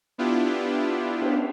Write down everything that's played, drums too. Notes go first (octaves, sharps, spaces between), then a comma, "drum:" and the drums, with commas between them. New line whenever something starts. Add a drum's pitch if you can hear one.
B3 D4 E4 F4 G4
drum: cymbal